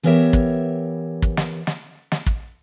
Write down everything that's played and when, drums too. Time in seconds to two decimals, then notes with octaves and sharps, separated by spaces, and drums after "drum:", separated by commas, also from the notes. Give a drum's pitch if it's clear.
0.03 E3 B3 G4 A#4 C#5 E5
0.33 drum: kick
1.22 drum: kick
1.37 drum: snare
1.67 drum: snare
2.12 drum: snare
2.26 drum: kick